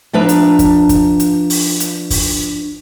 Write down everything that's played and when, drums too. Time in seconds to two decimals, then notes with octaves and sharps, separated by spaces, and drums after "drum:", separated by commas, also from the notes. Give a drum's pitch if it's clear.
0.13 F3 D4 B4 E5 A#5
0.29 drum: hi-hat
0.59 drum: kick, hi-hat
0.89 drum: kick, hi-hat
1.20 drum: hi-hat
1.50 drum: open hi-hat
1.80 drum: hi-hat
2.10 drum: kick, open hi-hat